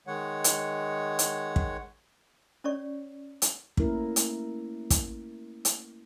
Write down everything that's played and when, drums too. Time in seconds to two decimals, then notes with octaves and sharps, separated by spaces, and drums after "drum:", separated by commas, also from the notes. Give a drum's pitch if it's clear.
0.07 D#3 G#3 C#5 F#5
0.44 drum: hi-hat
1.19 drum: hi-hat
1.56 drum: kick
2.64 C#4 C#5 D5 C#6
3.42 drum: hi-hat
3.77 A3 A#3 C#4 E4 A#4, drum: kick
4.16 drum: hi-hat
4.90 drum: kick, hi-hat
5.65 drum: hi-hat